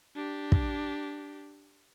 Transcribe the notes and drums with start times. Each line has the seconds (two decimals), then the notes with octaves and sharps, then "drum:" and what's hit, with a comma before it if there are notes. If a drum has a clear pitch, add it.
0.15 D4 G4
0.52 drum: kick